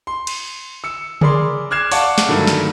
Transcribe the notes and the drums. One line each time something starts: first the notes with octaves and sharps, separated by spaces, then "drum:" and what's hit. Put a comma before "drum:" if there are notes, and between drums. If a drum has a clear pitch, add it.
C6
drum: cymbal
E6 C#7
G#4 A#4 D5 B5 C6, drum: tom C#3
D6 F6 F#6 G#6 C7 E7
D5 F5 F#5 A5 C#6, drum: open hi-hat
drum: snare
G2 D3 D#3 F#3 A3
drum: snare